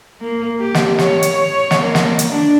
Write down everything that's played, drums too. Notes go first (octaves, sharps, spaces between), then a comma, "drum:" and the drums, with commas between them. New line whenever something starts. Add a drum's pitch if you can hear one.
A#3
G4
drum: snare
C#5, drum: snare
drum: hi-hat
drum: snare
A#3
drum: snare
drum: hi-hat
D4